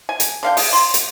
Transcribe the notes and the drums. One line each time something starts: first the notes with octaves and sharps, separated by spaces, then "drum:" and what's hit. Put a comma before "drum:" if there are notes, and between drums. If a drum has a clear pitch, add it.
G#5
drum: hi-hat
D3 F5 G5
G#3, drum: open hi-hat
C6
drum: hi-hat